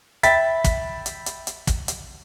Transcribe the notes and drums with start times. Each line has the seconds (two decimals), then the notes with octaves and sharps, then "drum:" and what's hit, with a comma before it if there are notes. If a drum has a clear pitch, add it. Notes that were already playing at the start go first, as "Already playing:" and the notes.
0.23 E5 G5 B5 A6 B6, drum: hi-hat
0.65 drum: kick, hi-hat
1.06 drum: hi-hat
1.26 drum: hi-hat
1.47 drum: hi-hat
1.67 drum: kick, hi-hat
1.88 drum: hi-hat